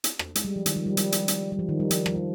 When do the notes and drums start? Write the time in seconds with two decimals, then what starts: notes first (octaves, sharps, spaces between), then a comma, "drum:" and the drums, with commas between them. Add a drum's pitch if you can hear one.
0.04 drum: hi-hat
0.19 drum: rim click
0.35 G#3, drum: hi-hat
0.45 G3
0.56 F3
0.66 D#3, drum: hi-hat
0.76 F3
0.86 G3
0.97 G3, drum: hi-hat
1.12 drum: hi-hat
1.28 drum: hi-hat
1.52 G3
1.59 F3
1.69 D#3
1.80 G3
1.91 F3, drum: hi-hat
2.06 F3, drum: rim click
2.16 G3